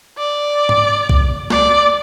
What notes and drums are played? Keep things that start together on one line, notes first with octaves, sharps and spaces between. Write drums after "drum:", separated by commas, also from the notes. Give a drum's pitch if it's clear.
D5
drum: tom G#2
drum: kick
D5, drum: snare